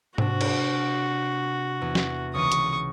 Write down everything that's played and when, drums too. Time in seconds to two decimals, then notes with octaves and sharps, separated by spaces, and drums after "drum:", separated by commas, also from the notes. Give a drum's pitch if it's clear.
0.18 C3 D4 F#4, drum: tom G#2
0.41 drum: cymbal
1.81 E2
1.95 drum: snare
2.35 C#2 E3 C#6 D#6 D#7
2.52 drum: hi-hat